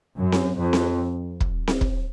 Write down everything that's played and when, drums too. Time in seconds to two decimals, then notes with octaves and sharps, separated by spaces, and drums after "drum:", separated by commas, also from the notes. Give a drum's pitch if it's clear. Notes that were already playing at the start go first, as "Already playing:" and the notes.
0.19 F#2
0.32 drum: snare C4
0.59 F2
0.73 drum: snare C4
1.40 drum: kick
1.67 drum: snare C4
1.81 drum: kick